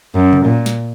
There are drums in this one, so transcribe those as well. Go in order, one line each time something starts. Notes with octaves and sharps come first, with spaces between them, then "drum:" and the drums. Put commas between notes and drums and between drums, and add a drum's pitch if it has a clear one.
F#2
drum: tom C3
A#2
drum: snare